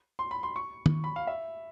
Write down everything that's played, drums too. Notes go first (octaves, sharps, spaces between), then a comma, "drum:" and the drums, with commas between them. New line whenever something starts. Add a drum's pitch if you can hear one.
C6
B5
C6
C#6
drum: tom D#3
B5
F5
E5